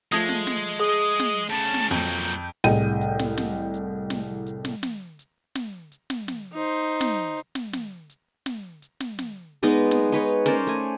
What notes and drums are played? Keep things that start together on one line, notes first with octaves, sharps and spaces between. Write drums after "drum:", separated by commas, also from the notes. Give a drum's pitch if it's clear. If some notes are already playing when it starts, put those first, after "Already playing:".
F3 G#3 A3 D#6 G#6 A#6
drum: snare
drum: snare
G#4 D#6
drum: snare
A2 C#3 A5
drum: snare
F2 A#2 F#3 G6, drum: snare
drum: hi-hat
C2 A2 G#4 D#5 G5 D#7, drum: snare
drum: hi-hat
drum: snare
drum: snare
drum: hi-hat
drum: snare
drum: hi-hat
drum: snare
drum: snare
drum: hi-hat
drum: snare
drum: hi-hat
drum: snare
drum: snare
D#4 C5
drum: hi-hat
drum: snare
drum: hi-hat
drum: snare
drum: snare
drum: hi-hat
drum: snare
drum: hi-hat
drum: snare
drum: snare
G#3 B3 D#4 D5
drum: snare
D#4 B4 C#5
drum: hi-hat
C#4 A#4 C5 D5, drum: snare
A3 G#5